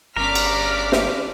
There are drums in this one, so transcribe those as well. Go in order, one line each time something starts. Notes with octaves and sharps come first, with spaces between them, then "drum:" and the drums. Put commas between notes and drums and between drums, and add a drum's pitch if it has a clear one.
G1 C#4 D4 A#4 D6 F6 B6
drum: cymbal
drum: snare